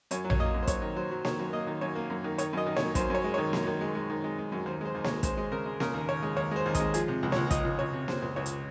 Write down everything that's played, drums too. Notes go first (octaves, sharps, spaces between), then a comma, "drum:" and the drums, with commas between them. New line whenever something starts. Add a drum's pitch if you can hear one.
F#2 C#5, drum: hi-hat
F#3
C#5, drum: tom A#1
A#3 D#5
F#2
C5
F#3 C#5, drum: kick, hi-hat
D#3
F#3 C5
F#3
D#3 C#5, drum: snare A#3
F#2
A#3 D#5
D#3
F#2 C#5
A#3
F#2
D#3
D#3 C#5, drum: hi-hat
F#2 D#5
D#3
C#5, drum: snare A#3
F#2
F#2 C5, drum: kick, hi-hat
F#2 C#5
G#3
D#3 C#5
F#2, drum: snare A#3
D#3
G#3
G#3
D#3
G#3
G#3
F#2
D#2 C5
G#3 C5
D#2
C#5, drum: snare A#3
G#3
G#3 C5, drum: kick, hi-hat
G#3
C#3 A#4
G#3
C#3 A#4, drum: snare A#3
D#2
D#2 C#5
G#3
D#2 C#5
G#3 C5
D#2
D#5, drum: kick, hi-hat
G#3
F3 G#4, drum: hi-hat
C3
C#2
C#5, drum: snare A#3
C#2
F3 D#5, drum: kick, hi-hat
C#2
C#2 C#5
C3
C3 C5, drum: snare A#3
C#2
C#2 C#5
drum: hi-hat